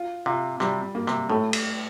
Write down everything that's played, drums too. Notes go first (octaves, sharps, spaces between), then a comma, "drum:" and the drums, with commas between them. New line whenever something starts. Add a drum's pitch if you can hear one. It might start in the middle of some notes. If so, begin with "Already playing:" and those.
Already playing: F4
C3 F4
C3 G3, drum: rim click
A#3
C3, drum: rim click
A2 A3
drum: cymbal